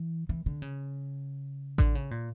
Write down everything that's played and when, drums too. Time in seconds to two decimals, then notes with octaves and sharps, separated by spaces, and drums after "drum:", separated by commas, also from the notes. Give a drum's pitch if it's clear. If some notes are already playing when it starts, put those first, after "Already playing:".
Already playing: E3
0.29 E3
0.46 D3
0.62 C#3
1.78 D3, drum: kick A1
1.95 C#3
2.11 A#2